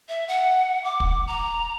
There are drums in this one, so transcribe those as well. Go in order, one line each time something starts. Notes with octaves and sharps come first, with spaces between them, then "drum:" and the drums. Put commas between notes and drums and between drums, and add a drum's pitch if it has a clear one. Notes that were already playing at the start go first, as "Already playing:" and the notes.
E5
F#5
D6
drum: kick
A#5